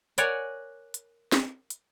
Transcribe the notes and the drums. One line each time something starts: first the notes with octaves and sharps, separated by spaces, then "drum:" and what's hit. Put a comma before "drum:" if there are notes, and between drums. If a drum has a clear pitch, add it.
A#4 C#5 D5 F#5 G#5, drum: hi-hat
drum: hi-hat
drum: snare
drum: hi-hat